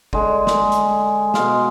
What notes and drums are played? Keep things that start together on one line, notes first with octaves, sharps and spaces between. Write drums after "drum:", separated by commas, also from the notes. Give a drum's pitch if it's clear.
D3 G#3, drum: kick G1
drum: snare
drum: hi-hat
B2 G#3 F5, drum: snare